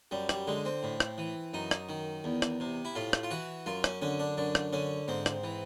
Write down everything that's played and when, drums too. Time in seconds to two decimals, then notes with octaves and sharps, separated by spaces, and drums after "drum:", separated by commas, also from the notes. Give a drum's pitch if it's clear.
0.11 F#2 G3
0.29 G3, drum: rim click
0.47 D3 G#3
0.65 C4
0.83 A2
1.00 drum: rim click
1.18 E3
1.54 F#2 D#4
1.71 drum: rim click
1.89 D#3
2.24 E2
2.42 drum: rim click
2.60 C3
2.85 E4
2.95 A2 F4
3.13 drum: rim click
3.23 F4
3.31 E3 F#4
3.66 F#2 F4
3.84 C#4, drum: rim click
4.01 D3 C#4
4.19 D4
4.37 F#2 D4
4.55 drum: rim click
4.73 D3 C#4
5.08 G#2 C4
5.26 drum: rim click
5.44 E3